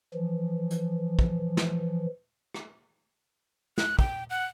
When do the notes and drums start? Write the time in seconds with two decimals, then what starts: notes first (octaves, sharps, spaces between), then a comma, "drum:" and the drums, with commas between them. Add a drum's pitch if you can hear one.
0.14 E3 F3
0.70 drum: hi-hat
1.19 drum: kick
1.57 drum: snare
2.54 drum: rim click
3.78 F#6, drum: snare
3.99 G5, drum: kick
4.30 F#5